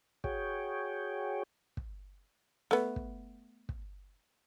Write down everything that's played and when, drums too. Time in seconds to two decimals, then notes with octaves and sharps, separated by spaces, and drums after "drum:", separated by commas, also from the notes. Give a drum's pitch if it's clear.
0.24 F#4 G#4 C#5 G5, drum: kick
1.77 drum: kick
2.71 A3 B3, drum: snare
2.96 drum: kick
3.69 drum: kick